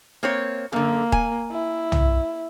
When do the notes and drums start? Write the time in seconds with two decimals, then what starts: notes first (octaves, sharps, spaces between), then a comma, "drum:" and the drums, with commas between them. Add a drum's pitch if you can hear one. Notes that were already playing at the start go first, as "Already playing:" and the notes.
0.23 A#3 C4 C#5
0.72 F#2 D3 A#3
1.12 G#5, drum: kick D#1
1.51 E4
1.92 drum: tom